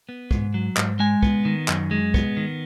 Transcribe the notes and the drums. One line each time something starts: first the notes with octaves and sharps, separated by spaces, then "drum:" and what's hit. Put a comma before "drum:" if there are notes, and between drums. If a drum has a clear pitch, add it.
B3
G#2, drum: kick
F#3
G#2, drum: clap
G#3 G#5
B3, drum: kick
D#3
F#2, drum: clap
G#3
B3, drum: kick
D#3